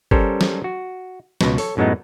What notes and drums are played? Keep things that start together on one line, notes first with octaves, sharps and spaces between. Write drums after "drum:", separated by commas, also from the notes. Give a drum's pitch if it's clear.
G3 C#4 A4 A#4 C5, drum: kick G1
drum: snare
F#4
C#2 B2, drum: snare
A4 C#5, drum: open hi-hat
F#2 A2 F#3 G#3 B3 D#4